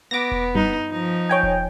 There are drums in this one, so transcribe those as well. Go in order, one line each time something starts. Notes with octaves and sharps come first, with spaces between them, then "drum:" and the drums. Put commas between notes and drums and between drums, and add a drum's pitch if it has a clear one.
B3 D6 A#6
drum: kick E1
G2 D#4, drum: tom F#2
F3 D#4
C#5 G5 G#5
drum: kick E1